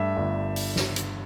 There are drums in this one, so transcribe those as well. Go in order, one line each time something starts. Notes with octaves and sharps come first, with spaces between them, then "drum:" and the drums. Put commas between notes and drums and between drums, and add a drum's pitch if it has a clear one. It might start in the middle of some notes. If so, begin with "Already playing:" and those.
Already playing: G2 A3 E5
G1
drum: open hi-hat
drum: snare
drum: hi-hat